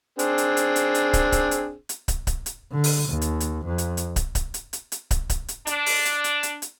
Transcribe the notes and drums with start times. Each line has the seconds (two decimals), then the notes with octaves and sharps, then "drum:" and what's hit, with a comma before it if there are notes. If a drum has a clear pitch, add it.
0.19 C4 D4 G#4, drum: hi-hat
0.38 drum: hi-hat
0.57 drum: hi-hat
0.76 drum: hi-hat
0.95 drum: hi-hat
1.13 drum: kick, hi-hat
1.32 drum: kick, hi-hat
1.51 drum: hi-hat
1.89 drum: hi-hat
2.08 drum: kick, hi-hat
2.27 drum: kick, hi-hat
2.46 drum: hi-hat
2.72 D3
2.84 drum: open hi-hat
3.10 D#2
3.21 drum: hi-hat
3.40 drum: hi-hat
3.66 F2
3.78 drum: hi-hat
3.97 drum: hi-hat
4.16 drum: kick, hi-hat
4.35 drum: kick, hi-hat
4.54 drum: hi-hat
4.73 drum: hi-hat
4.92 drum: hi-hat
5.11 drum: kick, hi-hat
5.30 drum: kick, hi-hat
5.48 drum: hi-hat
5.67 D4, drum: hi-hat
5.86 drum: open hi-hat
6.05 drum: hi-hat
6.24 drum: hi-hat
6.43 drum: hi-hat
6.62 drum: hi-hat